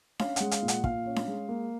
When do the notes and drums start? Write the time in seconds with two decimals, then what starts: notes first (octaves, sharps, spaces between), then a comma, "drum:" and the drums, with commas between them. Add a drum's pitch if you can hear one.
0.19 C#4 F5, drum: snare D4
0.36 G#3 F#5, drum: hi-hat
0.51 F5, drum: hi-hat
0.63 A#2
0.68 F#5, drum: hi-hat
0.84 A#2 F5, drum: kick
1.06 C#4
1.16 drum: snare D4
1.28 G#3
1.49 A#3